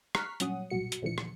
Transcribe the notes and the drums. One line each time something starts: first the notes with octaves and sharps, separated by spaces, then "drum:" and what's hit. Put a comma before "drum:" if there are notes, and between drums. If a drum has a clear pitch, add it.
A#5 C#6 F6 F#6 B6 C7, drum: rim click
G2 A#2 F#3 C#4 F#5 D#6, drum: hi-hat
B1 G2 A#2 F#4 C#7
drum: hi-hat
D2 A#2 D3 E3 F3 C#7
drum: rim click